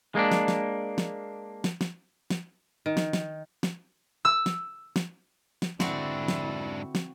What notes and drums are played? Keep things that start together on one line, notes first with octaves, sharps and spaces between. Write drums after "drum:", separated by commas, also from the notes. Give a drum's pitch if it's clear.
G#3 A#3 C#4 D4
drum: snare
drum: snare
drum: snare
drum: snare
drum: snare
drum: snare
D#3
drum: snare
drum: snare
drum: snare
E6
drum: snare
drum: snare
drum: snare
G#2 D3 C4 D4 E4 F#4, drum: snare
drum: snare
drum: snare